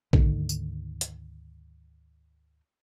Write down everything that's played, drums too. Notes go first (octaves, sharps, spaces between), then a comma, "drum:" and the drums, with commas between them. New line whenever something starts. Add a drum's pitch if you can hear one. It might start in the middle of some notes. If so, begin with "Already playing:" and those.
D2 G#2 D3 D#3, drum: kick A#1
drum: tambourine
drum: hi-hat